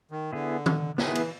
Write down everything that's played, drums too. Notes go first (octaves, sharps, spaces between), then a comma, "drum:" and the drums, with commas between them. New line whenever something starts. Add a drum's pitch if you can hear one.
D#3
D3 B3 E4 G#4
drum: tom D#3
D#3 B3 E4 G#4, drum: snare
E3, drum: cymbal